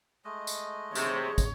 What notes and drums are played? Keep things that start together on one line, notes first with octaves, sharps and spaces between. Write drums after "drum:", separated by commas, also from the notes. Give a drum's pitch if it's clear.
G#3 A3 D#5
drum: tambourine
C3 G#4 C#5, drum: tambourine
drum: kick, tambourine